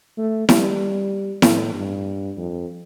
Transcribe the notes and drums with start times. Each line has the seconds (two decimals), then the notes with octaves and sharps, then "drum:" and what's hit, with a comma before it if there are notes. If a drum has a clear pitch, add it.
0.17 A3
0.49 G3, drum: snare E4
1.42 A2, drum: snare E4
1.74 G2
2.37 F2